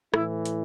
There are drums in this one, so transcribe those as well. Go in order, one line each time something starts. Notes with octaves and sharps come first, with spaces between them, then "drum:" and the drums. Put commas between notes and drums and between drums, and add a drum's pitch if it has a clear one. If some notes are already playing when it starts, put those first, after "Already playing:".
A2 E3 E4, drum: rim click
drum: hi-hat